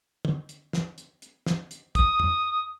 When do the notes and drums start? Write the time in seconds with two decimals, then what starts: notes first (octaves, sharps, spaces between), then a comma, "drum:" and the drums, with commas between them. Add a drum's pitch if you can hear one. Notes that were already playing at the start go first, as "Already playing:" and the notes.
0.25 drum: tom
0.49 drum: hi-hat
0.73 drum: snare
0.98 drum: hi-hat
1.22 drum: hi-hat
1.46 drum: snare
1.71 drum: hi-hat
1.95 D#6, drum: kick, hi-hat
2.20 drum: tom